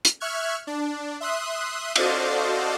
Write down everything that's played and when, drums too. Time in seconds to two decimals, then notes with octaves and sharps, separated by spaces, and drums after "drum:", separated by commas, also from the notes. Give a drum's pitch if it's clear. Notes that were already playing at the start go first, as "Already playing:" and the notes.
0.05 drum: hi-hat
0.20 E5 C#6 F6 F#6 G#6
0.67 D4
1.20 E5 C6 D#6 F#6
1.96 F#4 A4 C5 D5 D#5 F5, drum: cymbal